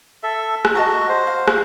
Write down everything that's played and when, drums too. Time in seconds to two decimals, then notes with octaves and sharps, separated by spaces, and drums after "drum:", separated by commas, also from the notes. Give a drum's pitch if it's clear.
0.23 A4 E5
0.65 drum: rim click
0.75 F#4 D#5 A5 A#5
1.09 C5
1.27 F5
1.48 drum: rim click